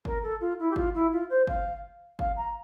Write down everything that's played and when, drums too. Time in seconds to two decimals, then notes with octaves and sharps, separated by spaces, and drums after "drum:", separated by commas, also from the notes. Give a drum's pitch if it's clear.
0.05 A#4, drum: kick
0.22 A4
0.40 F4
0.59 E4
0.71 G4
0.76 F4, drum: kick
0.94 E4
1.12 F4
1.29 C5
1.47 F5, drum: kick
2.19 F5, drum: kick
2.36 A#5